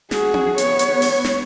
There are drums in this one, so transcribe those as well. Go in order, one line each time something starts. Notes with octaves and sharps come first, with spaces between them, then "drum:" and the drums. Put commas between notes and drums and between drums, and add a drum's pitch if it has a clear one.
F#4 G#4, drum: snare
drum: tom C4
B3 C#5, drum: hi-hat
drum: hi-hat
drum: open hi-hat
drum: snare